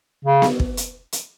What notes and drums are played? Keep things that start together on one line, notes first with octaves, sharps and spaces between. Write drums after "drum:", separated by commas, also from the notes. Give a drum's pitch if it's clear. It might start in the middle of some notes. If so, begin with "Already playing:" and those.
C#3
drum: snare B3
drum: kick
drum: hi-hat
drum: hi-hat